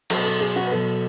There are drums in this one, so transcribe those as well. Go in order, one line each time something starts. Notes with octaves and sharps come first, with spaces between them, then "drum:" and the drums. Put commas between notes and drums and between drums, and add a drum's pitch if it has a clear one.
B2 F#3 A4, drum: cymbal
A4
G#4
F#4
B4
B2 F#3 A4